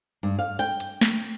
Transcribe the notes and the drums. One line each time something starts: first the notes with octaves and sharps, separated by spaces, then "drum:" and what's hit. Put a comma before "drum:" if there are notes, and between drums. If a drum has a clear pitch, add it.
G2
F5
G5, drum: hi-hat
drum: hi-hat
drum: snare